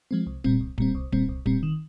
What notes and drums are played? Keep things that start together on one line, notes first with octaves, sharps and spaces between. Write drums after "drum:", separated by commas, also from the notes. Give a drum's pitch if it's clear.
F3 G#3 C4
C2
A#2 G3 C4, drum: kick D1
C2
A#2 G3 C4, drum: kick D1
C2
A#2 G3 C4, drum: kick D1
C2
A#2 G3 C4, drum: kick D1
D#3